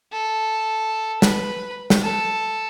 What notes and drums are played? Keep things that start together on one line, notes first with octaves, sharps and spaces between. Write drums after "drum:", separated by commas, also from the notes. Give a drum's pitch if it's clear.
A4
B4, drum: snare
drum: snare
A4